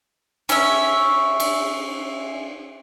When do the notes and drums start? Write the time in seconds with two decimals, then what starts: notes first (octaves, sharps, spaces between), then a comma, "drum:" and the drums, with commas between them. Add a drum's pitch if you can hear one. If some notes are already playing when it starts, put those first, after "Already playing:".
0.49 C#4 E5, drum: cymbal
1.40 drum: cymbal